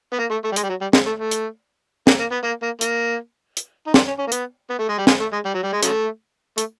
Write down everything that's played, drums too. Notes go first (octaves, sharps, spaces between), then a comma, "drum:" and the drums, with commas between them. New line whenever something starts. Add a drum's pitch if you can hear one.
B3
A#3
A3
A3
G3
G#3, drum: hi-hat
G3
F#3
G3
G#3, drum: snare
A3
A3
drum: hi-hat
A#3, drum: snare
A#3
B3
A#3
A#3
A#3, drum: hi-hat
drum: hi-hat
D#4
C4 D4, drum: snare
C#4
C#4
A#3
B3, drum: hi-hat
B3
A3
G#3
G3
G#3, drum: snare
A3
G#3
G3
F#3
G3
G#3
C#3 F#3 A3, drum: hi-hat
A3, drum: hi-hat